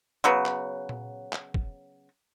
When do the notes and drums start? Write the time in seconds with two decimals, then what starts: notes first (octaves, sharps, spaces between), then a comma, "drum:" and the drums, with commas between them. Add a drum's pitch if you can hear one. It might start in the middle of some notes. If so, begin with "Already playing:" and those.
0.24 C#3 F#3 B3
0.46 drum: clap
0.89 drum: tom A#2
1.33 drum: clap
1.54 drum: kick